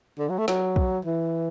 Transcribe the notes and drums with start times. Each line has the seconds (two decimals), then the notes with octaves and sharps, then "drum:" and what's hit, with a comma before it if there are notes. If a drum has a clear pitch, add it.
0.19 D3
0.29 F#3
0.38 A3
0.48 F#3, drum: snare
0.76 drum: kick
1.05 E3